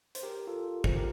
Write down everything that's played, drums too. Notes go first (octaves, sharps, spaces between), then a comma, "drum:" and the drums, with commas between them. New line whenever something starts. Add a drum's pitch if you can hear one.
C5, drum: hi-hat
G4 A#4
F4 A4
C5, drum: kick
G4 A#4